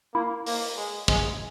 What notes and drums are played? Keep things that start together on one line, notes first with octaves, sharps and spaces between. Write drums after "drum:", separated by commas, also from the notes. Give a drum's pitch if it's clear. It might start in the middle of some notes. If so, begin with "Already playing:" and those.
A#3 E4
A#3, drum: open hi-hat
G#3
G#3, drum: kick